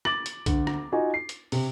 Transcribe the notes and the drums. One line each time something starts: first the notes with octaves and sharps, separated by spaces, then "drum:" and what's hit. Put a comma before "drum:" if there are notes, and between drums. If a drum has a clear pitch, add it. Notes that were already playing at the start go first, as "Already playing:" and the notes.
D6 A6 F#7, drum: rim click
drum: hi-hat
D2, drum: kick B1, hi-hat
drum: rim click
D#4 F4 F#4 G#5
C7
drum: hi-hat
C3, drum: open hi-hat